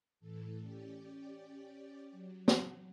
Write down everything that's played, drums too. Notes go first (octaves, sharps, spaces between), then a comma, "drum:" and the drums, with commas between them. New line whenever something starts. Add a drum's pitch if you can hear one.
A2 E3 A4
C#4 G4 D5
F#3
drum: snare